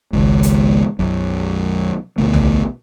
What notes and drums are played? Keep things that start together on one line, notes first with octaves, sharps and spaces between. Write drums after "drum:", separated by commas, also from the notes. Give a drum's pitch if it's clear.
G#1 C#2 G#2
drum: hi-hat
B1 F#2
D2 B2 A3
drum: tom